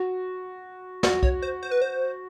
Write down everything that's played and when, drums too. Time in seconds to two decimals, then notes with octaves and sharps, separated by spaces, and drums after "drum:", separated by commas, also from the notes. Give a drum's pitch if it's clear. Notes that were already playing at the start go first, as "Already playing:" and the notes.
Already playing: F#4
1.03 F#4 D5, drum: snare
1.23 C#5, drum: kick B1
1.42 C5
1.63 C5
1.71 B4
1.82 C5